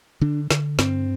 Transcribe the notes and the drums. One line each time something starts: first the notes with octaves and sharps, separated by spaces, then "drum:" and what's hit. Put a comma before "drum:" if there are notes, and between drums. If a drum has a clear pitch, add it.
D3 D4
D3, drum: snare
G2 C4, drum: snare